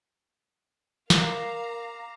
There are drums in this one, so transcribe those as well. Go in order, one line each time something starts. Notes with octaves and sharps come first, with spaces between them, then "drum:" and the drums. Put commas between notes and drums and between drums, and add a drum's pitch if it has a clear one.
A#4 F5 A#5 D6 C7 E7, drum: snare